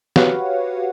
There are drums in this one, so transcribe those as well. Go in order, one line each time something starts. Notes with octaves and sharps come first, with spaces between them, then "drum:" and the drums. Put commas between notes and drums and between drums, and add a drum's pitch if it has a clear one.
F#4 G4 B4 C#5 F5 F#5, drum: snare